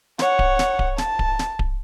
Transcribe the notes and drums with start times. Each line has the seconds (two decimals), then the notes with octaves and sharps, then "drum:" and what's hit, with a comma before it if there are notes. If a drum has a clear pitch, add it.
0.19 C#5 F#5, drum: snare
0.39 drum: kick D1
0.59 drum: snare
0.79 drum: kick D1
0.98 A5, drum: snare
1.19 drum: kick D1
1.39 drum: snare
1.59 drum: kick D1